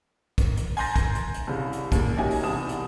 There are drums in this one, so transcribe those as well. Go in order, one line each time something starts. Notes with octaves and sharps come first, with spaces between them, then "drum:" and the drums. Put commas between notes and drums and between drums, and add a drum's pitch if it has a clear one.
drum: kick, hi-hat
drum: hi-hat
G#5 A#5 C6 G6 A6 A#6, drum: open hi-hat
drum: kick, hi-hat
drum: hi-hat
drum: hi-hat
C2 C#3
drum: hi-hat
D#2 A#2 G#3, drum: kick, hi-hat
C#4 D#4 F#4 G4 E5 G#5
drum: open hi-hat
E1 C2 A5 D#6 E7
drum: hi-hat